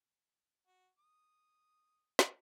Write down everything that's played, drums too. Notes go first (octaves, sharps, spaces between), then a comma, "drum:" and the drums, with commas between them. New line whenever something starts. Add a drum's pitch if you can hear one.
F#4
D#6
drum: snare